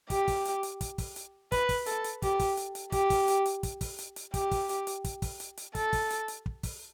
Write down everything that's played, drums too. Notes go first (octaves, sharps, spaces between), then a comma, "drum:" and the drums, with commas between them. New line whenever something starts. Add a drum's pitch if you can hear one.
G4, drum: kick, hi-hat
drum: kick, open hi-hat
drum: hi-hat
drum: hi-hat
drum: kick, hi-hat
drum: kick, open hi-hat
drum: hi-hat
B4, drum: kick, hi-hat
drum: kick, open hi-hat
A4, drum: hi-hat
drum: hi-hat
G4, drum: kick, hi-hat
drum: kick, open hi-hat
drum: hi-hat
drum: hi-hat
G4, drum: kick, hi-hat
drum: kick, open hi-hat
drum: hi-hat
drum: hi-hat
drum: kick, hi-hat
drum: kick, open hi-hat
drum: hi-hat
drum: hi-hat
G4, drum: kick, hi-hat
drum: kick, open hi-hat
drum: hi-hat
drum: hi-hat
drum: kick, hi-hat
drum: kick, open hi-hat
drum: hi-hat
drum: hi-hat
A4, drum: kick, hi-hat
drum: kick, open hi-hat
drum: hi-hat
drum: hi-hat
drum: kick
drum: kick, open hi-hat